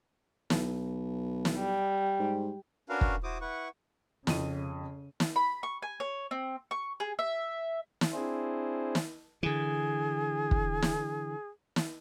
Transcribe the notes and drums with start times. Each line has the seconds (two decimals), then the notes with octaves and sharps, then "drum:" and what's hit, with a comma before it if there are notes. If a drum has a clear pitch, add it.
0.50 B1, drum: snare
1.45 drum: snare
1.57 G3
2.19 G#2
2.89 C#4 D4 F#4 A#4 B4 F5
3.01 drum: kick
3.23 E4 F#4 C5 D6 D#6
3.41 E4 B4 F#5 C#6
4.27 F2 C#3 D#7, drum: snare
5.20 drum: snare
5.36 B5
5.63 C#6
5.82 G#5
6.00 C#5
6.31 C4
6.71 C#6
7.00 G#4
7.19 E5
8.01 drum: snare
8.13 C4 D4 E4 G#4 C5
8.95 drum: snare
9.43 D3 E3 G#4
10.51 drum: kick
10.82 drum: snare
11.76 drum: snare